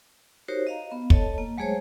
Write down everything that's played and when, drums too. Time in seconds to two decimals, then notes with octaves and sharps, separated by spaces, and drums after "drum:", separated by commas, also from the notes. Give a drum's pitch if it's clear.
0.48 D#4 F#4 G4 A#4 C5 C#5
0.67 D#5 F5 A#5
0.92 B3
1.10 A4 C#5 D#5 A5, drum: kick
1.38 A#3
1.57 F#3 G#3 A3 G#4 C5 C#5